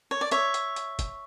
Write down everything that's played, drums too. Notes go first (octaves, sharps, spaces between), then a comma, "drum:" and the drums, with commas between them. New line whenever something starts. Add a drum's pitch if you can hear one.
C#5
D5
C#5 E5, drum: hi-hat
drum: hi-hat
drum: hi-hat
drum: kick, hi-hat